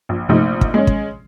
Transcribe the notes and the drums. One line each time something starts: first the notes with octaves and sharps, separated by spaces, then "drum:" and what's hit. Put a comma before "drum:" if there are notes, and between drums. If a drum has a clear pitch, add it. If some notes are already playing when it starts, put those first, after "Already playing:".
A#1
A#1 C3 F3 A3 D#4
drum: kick
G#3 C#4
drum: kick